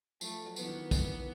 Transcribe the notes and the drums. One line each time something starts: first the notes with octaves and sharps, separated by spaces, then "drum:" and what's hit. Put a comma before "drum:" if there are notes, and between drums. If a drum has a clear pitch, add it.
F3 A3, drum: tambourine
F#3
E3 B3, drum: tambourine
D#3
E3, drum: kick, tambourine